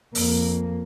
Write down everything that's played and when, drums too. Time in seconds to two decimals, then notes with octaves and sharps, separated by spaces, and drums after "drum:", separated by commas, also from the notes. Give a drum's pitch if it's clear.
0.15 F2 A#3, drum: open hi-hat